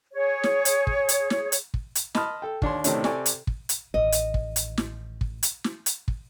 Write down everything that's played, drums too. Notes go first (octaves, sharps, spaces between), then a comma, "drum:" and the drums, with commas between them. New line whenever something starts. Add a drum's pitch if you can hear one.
G#4 C#5
drum: snare
drum: hi-hat
drum: kick
drum: hi-hat
drum: snare
drum: hi-hat
drum: kick
drum: hi-hat
D#5 A5 B5 C6 D#6 F6, drum: snare
A4 G5
D#2 D4 C#5 C6, drum: kick
A2 C3 D#3 A3 C#4 D4, drum: hi-hat
C3 A4 D5 G#5 C#6, drum: snare
drum: hi-hat
drum: kick
drum: hi-hat
A1 D#3 D#5
drum: hi-hat
drum: kick
drum: hi-hat
drum: snare
drum: kick
drum: hi-hat
drum: snare
drum: hi-hat
drum: kick